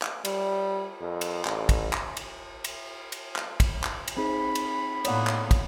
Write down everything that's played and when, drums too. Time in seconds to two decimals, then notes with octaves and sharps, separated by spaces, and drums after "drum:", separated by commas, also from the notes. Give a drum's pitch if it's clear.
0.02 drum: clap
0.25 G3, drum: cymbal
1.01 F2
1.21 drum: cymbal
1.45 A1, drum: clap
1.69 drum: kick, cymbal
1.93 drum: clap
2.17 drum: cymbal
2.64 drum: cymbal
3.12 drum: cymbal
3.36 drum: clap
3.60 drum: kick, cymbal
3.84 drum: clap
4.08 drum: cymbal
4.17 C4 D#4 G#4 B5
4.55 drum: cymbal
5.05 A2 A#3 B3 C#5 D5 F#5, drum: cymbal
5.27 drum: clap
5.51 drum: kick, cymbal